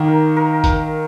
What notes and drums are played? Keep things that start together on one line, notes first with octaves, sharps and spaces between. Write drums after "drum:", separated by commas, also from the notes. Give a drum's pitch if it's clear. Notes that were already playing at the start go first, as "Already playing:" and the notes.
Already playing: D#3 A#3
A#4
A#4
A#4, drum: kick G#1, hi-hat